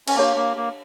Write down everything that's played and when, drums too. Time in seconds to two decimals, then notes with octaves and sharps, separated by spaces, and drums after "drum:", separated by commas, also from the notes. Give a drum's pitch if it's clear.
0.08 C#4, drum: cymbal
0.16 A#3 D4 G4 C#5 F5 A5
0.36 A#3
0.57 A#3